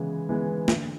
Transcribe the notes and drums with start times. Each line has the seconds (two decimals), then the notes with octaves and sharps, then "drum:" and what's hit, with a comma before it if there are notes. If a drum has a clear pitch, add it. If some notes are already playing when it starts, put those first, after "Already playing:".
Already playing: C#3 E3 G#3 B3
0.29 E3 G#3 B3
0.68 D3, drum: snare